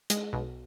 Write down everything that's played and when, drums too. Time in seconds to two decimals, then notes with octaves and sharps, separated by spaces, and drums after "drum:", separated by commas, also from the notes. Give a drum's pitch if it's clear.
0.10 G#3, drum: hi-hat
0.33 B1